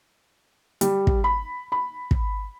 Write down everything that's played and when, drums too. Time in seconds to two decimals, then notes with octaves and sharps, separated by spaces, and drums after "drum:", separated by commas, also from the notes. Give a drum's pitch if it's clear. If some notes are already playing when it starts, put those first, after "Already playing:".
0.81 G3, drum: hi-hat
1.07 drum: kick
1.24 B5
1.72 B5
2.11 drum: kick